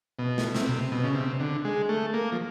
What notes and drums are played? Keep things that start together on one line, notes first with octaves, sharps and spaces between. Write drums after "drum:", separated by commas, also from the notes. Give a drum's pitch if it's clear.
B2
drum: snare
C3, drum: snare
drum: tom B2
B2
C#3
C3
D3
G#3
A3
A#3
F3